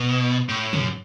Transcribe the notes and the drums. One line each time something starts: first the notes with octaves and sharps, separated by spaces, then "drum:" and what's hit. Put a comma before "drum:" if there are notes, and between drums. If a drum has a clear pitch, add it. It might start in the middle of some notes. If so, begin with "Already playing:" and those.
Already playing: B2
A2
F#2, drum: tom